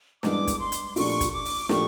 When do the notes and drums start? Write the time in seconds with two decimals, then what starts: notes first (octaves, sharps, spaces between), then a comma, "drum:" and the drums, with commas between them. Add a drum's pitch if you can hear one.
0.23 G2 E3 G#3 B3 D4 D6, drum: snare
0.47 drum: kick, hi-hat
0.59 C6
0.72 drum: hi-hat
0.96 A#2 F3 A3 D4 G4 C#6, drum: open hi-hat
1.21 drum: kick, hi-hat
1.33 D6
1.45 drum: open hi-hat
1.69 A#2 F3 A3 D4 G4 C#6, drum: snare